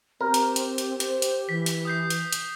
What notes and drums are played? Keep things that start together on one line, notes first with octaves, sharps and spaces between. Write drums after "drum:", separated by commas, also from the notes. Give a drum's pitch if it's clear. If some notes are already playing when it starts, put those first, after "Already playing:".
C4 G4 A#4
drum: hi-hat
drum: hi-hat
drum: hi-hat
C5, drum: hi-hat
drum: hi-hat
E3 B6
drum: hi-hat
D#6 G6 C7
drum: hi-hat
drum: hi-hat